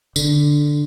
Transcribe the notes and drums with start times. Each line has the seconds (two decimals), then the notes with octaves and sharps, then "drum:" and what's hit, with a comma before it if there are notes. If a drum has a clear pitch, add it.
0.16 D3, drum: tambourine